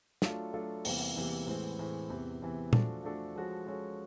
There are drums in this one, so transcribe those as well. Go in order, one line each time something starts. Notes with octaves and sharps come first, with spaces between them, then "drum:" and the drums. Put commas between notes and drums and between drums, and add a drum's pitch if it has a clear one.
F#3 A3 D4 F4 A4, drum: snare
F#3 A3 D4 F4 A4
E2 C3 E3 G3 A#3, drum: open hi-hat
E2 C3 E3 G3 A#3
A2 E3 G#3 C4
A2 E3 G#3 C4
E2 C3 E3
E2 C3 E3
F3 A3 D4 F#4 A4, drum: tom A#2
F3 A3 D4 F#4 A4
F3 G#3 C#4 F#4 A4
F3 G#3 C#4 F#4 A4